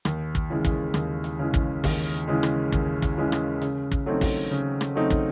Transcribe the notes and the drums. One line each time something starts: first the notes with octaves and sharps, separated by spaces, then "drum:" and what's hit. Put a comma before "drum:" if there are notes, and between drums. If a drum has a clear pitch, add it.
D#2, drum: rim click
drum: kick
C#3 E3 G#3
drum: kick, hi-hat
D#2, drum: rim click
drum: hi-hat
C#3 E3 G#3
drum: kick
D#2, drum: kick, open hi-hat
C#3 E3 G#3
drum: rim click
D#2, drum: kick
drum: kick, hi-hat
C#3 E3 G#3
drum: rim click
C#3, drum: hi-hat
drum: kick
F#3 A3 C4 D#4
drum: kick, open hi-hat
C#3
drum: rim click
F#3 A3 C4 D#4
drum: kick